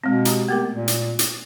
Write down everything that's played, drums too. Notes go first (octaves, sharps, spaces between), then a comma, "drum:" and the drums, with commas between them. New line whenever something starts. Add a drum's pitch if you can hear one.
B2 G#3 C4
G4 A#5, drum: hi-hat
A3 B3 G4 A#4
A#2
drum: hi-hat
drum: hi-hat